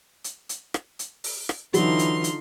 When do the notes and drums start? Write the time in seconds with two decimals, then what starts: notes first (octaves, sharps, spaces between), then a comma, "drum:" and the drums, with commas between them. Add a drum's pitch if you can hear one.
0.24 drum: hi-hat
0.49 drum: hi-hat
0.74 drum: rim click
0.99 drum: hi-hat
1.24 drum: open hi-hat
1.49 drum: rim click
1.74 D3 E3 F#3 D#4 F4 C6, drum: hi-hat
1.99 drum: hi-hat
2.24 drum: hi-hat